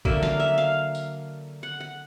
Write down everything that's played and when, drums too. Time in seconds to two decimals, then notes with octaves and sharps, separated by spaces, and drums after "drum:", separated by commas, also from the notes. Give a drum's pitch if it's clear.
0.05 D3 F#3 A#3 E5, drum: kick
0.23 F5, drum: snare
0.40 E5
0.58 F5
0.95 drum: tambourine
1.63 F#5
1.80 F#5